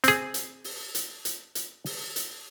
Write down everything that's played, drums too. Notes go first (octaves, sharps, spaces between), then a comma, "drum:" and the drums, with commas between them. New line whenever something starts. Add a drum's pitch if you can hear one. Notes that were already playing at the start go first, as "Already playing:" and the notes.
C4 G#4, drum: hi-hat
drum: hi-hat
drum: open hi-hat
drum: hi-hat
drum: hi-hat
drum: hi-hat
drum: open hi-hat
drum: hi-hat